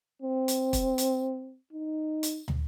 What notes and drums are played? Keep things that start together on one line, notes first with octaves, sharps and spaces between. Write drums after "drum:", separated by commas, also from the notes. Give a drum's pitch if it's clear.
C4
drum: hi-hat
drum: kick, hi-hat
drum: hi-hat
D#4
drum: hi-hat
drum: tom